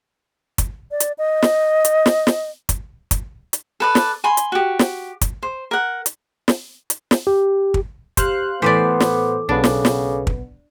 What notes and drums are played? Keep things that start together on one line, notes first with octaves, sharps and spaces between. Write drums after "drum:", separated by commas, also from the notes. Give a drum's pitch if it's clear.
drum: kick, hi-hat
D5
drum: hi-hat
D#5
drum: snare
drum: hi-hat
drum: snare
drum: snare
drum: kick, hi-hat
drum: kick, hi-hat
drum: hi-hat
A4 B4 D5
drum: snare
G#5 B5 C6
drum: hi-hat
F#4 G4
drum: snare
drum: kick, hi-hat
C5
A#4 F#5
drum: hi-hat
drum: snare
drum: hi-hat
drum: snare
G4
drum: kick
G4 C5 F5 F#6, drum: kick, hi-hat
A2 E3 B3 A4 B4 C5 D5 D6
drum: snare
B1 C#3 B3 D4
drum: snare
drum: snare
drum: kick